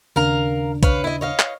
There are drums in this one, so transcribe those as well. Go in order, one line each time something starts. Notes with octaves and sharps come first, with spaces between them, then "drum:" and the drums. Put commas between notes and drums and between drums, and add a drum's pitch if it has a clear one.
D#2 C#3 D4 A#4 F5 A#5
B4 C#5 F5, drum: kick, hi-hat
E4 D#5
C#5 D#5 F5
drum: clap